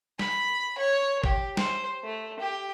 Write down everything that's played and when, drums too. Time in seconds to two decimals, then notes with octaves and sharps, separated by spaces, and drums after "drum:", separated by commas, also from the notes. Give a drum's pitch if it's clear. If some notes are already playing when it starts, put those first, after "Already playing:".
0.19 B5, drum: snare
0.78 C#5
1.24 G4, drum: kick
1.57 C5, drum: snare
2.04 A3
2.39 G4